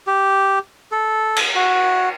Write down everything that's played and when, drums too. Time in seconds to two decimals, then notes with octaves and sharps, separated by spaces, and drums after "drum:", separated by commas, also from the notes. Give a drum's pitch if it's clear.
0.07 G4
0.92 A4
1.36 drum: cymbal
1.55 F#4